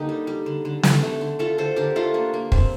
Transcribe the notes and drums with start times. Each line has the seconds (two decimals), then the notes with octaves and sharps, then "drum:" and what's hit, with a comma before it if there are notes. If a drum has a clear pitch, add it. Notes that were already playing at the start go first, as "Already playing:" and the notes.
Already playing: D3 A#3 D#4 G4
0.09 G3
0.27 G3
0.46 D3
0.65 D3
0.83 D3, drum: snare
1.03 A3
1.21 D3
1.39 A3 F4 A4
1.58 D3 A4 C5
1.76 D3 G4 A#4
1.96 A3 F4 A4
2.14 A#3 D4
2.34 A#3
2.52 A#3 C4, drum: kick